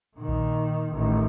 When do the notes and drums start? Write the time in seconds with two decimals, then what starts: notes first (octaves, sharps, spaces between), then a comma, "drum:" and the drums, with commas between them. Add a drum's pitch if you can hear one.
0.16 A#2 D#3
0.28 drum: kick A#1
0.93 A1 D#3